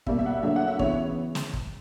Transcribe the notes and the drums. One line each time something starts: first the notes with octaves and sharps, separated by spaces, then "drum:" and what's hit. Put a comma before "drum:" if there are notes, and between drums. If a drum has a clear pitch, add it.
B2 G3 A#3 E5, drum: kick
E5
F#5
E5
D3 F#3 A#3 E5
F#5
E5
C#3 E3 B3 C#5, drum: kick
drum: snare
drum: kick